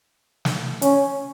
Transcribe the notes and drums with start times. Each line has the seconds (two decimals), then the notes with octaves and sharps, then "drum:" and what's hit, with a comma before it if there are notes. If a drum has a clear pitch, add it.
0.45 drum: snare
0.82 C#4, drum: hi-hat